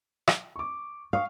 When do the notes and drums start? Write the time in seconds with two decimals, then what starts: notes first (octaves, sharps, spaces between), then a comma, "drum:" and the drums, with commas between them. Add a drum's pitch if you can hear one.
0.28 drum: rim click
0.56 C#6 D6
1.13 F5 C#6 D#6 F6